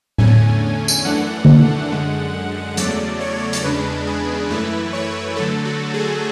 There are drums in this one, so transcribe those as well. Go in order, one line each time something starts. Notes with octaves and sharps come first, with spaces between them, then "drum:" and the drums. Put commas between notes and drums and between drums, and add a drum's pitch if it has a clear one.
E2 D3 A3 C#4 G#5, drum: tom A2
drum: tambourine
F#2 E3 A3 D4 F#5
drum: tom D3
F#2 D3 G#3
E2 C#3 F#3 A3 D5, drum: hi-hat
C#5
drum: hi-hat
E2 C#3 G#3 D4 B4
G#4
F#2 E3 A3 E4 B4
C#5
D3 F#3 A3 A4
F#4
G#4